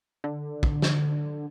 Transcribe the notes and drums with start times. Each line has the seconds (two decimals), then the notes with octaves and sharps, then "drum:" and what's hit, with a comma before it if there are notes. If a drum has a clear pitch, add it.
0.24 D3
0.63 drum: kick
0.82 drum: snare